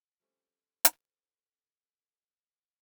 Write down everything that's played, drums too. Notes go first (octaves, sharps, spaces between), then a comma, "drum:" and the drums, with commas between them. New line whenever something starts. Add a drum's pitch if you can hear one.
F3 G3 A3 C4 C#4
drum: hi-hat